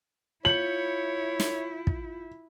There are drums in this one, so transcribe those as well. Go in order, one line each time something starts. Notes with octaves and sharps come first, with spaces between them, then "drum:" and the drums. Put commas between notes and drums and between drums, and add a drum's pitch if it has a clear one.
E4 F4 C#5 G6 C#7 F#7
drum: snare
drum: kick